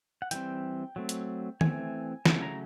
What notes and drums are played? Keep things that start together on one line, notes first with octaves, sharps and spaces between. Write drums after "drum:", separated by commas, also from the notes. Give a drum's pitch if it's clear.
F#5
E3 G3 C4 G5, drum: hi-hat
F#3 A3 C4
drum: hi-hat
E3 A3 C4 G#5, drum: tom D#3
C#3 F#3 A3 C#4 A5, drum: snare
A#5